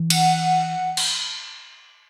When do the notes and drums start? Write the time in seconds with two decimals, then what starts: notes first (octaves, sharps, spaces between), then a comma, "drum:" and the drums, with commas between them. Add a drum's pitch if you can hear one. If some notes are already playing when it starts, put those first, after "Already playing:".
Already playing: E3
0.10 F#5, drum: cymbal
0.97 drum: cymbal